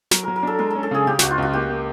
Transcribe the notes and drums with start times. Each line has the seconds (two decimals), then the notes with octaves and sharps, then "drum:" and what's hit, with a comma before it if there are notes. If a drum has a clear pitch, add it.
0.11 F#3 A#4, drum: snare
0.23 F#3 A#4
0.36 A#4
0.43 D4 A4
0.59 G#3 A#4
0.70 A4
0.76 C#4
0.83 A4
0.91 C#3 G#4
1.07 C#3 G4
1.19 C#2 F#4, drum: snare
1.31 F4
1.38 C#2 F#4
1.53 A#3 G4
1.69 A#3